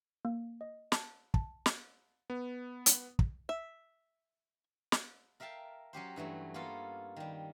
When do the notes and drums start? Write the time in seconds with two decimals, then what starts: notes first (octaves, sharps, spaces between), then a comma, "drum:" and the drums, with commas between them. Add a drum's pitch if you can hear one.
0.25 A#3
0.61 D#5
0.92 A5, drum: snare
1.34 A5, drum: kick
1.66 drum: snare
2.30 B3
2.86 drum: hi-hat
3.19 drum: kick
3.49 E5
4.92 drum: snare
5.40 A#4 E5 F5 G5 A5
5.93 F#3 C#4 G4 C5
6.16 G2 E3 F#3 A3
6.54 A#3 B3 C#4 F4 A4
7.16 D#3 G3